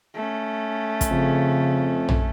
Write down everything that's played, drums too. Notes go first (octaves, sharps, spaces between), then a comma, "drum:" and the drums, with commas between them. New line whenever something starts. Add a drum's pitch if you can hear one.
A3 C#4
drum: kick, hi-hat
F2 C#3
drum: tom A#1